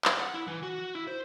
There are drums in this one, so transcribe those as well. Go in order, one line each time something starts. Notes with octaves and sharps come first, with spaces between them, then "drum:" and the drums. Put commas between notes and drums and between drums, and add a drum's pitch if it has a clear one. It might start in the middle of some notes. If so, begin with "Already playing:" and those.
drum: clap
F#5
E4
E3
F#4
E4
C5